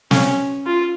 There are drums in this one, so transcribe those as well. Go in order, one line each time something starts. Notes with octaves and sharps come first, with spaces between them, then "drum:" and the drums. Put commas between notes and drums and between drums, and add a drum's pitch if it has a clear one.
C#4, drum: snare
F4